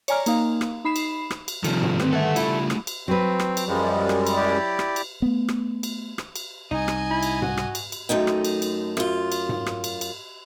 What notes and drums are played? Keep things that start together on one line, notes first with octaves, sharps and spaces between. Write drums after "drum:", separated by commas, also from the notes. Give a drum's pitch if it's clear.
C#5 D5 G#5 A#5 F6, drum: cymbal
A#3 D#4 F5, drum: cymbal
drum: rim click
D#4 B5 C7 E7
drum: cymbal
drum: rim click
drum: cymbal
C3 D#3 F3 G3 A3 F4, drum: cymbal
drum: tom G#2
D3 D#3 C4 G4 B4, drum: rim click
A4 E5 F#5 G#5
C#3 D4 E4 F4, drum: cymbal
drum: rim click
drum: cymbal
F#3 C4 B4
drum: rim click
drum: cymbal
F#2 F3 G3 G#3
drum: rim click
drum: cymbal
E4 G4 D5
drum: rim click
drum: cymbal
A3 B3
drum: rim click
drum: cymbal
drum: rim click
drum: cymbal
C2 D#4 D#5 G#5
drum: rim click
E4
drum: cymbal
F#4, drum: tom G#2
drum: rim click
drum: cymbal
drum: cymbal
F#2 A3 D#4 G5
drum: rim click
drum: cymbal
drum: cymbal
F#2 F4, drum: rim click
drum: cymbal
drum: tom G#2
drum: rim click
drum: cymbal
drum: cymbal